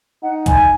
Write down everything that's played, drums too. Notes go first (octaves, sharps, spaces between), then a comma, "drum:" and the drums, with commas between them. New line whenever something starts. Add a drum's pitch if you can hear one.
D#4 F#5
G#5, drum: kick, hi-hat